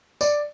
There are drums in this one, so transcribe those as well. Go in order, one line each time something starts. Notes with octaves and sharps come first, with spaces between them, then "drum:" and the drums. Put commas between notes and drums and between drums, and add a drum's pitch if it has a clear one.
D5, drum: tambourine